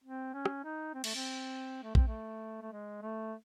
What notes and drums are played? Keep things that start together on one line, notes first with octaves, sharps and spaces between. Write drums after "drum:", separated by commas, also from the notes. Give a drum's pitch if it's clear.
C4
C#4
drum: rim click
D#4
C4
A3, drum: cymbal
C4
A3
C4, drum: kick A#1
A3
A3
G#3
A3